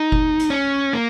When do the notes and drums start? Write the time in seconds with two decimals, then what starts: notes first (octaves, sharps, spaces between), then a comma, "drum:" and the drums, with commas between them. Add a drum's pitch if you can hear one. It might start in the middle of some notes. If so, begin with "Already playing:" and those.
Already playing: D#4
0.12 drum: kick F#1
0.40 drum: hi-hat
0.50 C#4
0.93 A#3